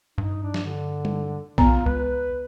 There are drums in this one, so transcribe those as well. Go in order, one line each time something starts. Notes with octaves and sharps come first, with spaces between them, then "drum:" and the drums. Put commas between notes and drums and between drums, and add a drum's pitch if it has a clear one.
G2 D#4
D4
drum: snare
D3
drum: tom G3
B3 F4 A#5, drum: kick A#1
C#2 B4